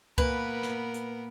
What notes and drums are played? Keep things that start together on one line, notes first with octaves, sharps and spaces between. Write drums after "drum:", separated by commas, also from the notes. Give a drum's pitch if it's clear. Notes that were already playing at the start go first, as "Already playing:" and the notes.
A#2 B3 A#4 B4, drum: kick C#2
drum: snare
drum: hi-hat